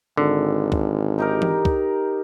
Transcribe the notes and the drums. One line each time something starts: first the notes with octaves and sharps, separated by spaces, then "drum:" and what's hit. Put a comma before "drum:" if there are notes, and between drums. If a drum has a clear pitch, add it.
G#1 D3
drum: kick
D#4 G4 A#4
drum: tom E3
drum: kick